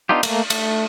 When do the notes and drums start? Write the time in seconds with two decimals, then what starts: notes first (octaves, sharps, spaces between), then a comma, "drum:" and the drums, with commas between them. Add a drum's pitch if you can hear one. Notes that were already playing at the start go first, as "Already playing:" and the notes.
0.09 B3 D4 D#4 F4 G4
0.23 A3 A#3, drum: cymbal
0.50 A3, drum: cymbal